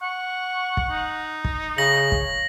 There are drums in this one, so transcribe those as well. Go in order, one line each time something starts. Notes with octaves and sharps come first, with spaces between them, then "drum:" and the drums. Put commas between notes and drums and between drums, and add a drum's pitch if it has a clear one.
F#5 C#6
drum: kick
D#4
drum: kick
C#3 C#5 A#6 F#7
drum: kick